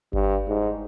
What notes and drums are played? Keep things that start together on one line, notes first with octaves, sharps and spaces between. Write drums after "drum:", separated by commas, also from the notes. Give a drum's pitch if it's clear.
G2, drum: kick G1
G#2